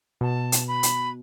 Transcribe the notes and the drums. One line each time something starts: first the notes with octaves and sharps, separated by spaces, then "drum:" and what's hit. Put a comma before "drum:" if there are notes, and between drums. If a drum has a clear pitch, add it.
B2 A5
drum: hi-hat
B5
drum: hi-hat